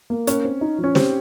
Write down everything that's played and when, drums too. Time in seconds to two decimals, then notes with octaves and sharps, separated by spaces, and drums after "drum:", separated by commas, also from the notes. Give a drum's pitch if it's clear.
0.10 A#3
0.27 C#4 A#4, drum: hi-hat
0.44 C4
0.61 D#4
0.78 F3
0.84 C#4
0.95 C4 G4, drum: snare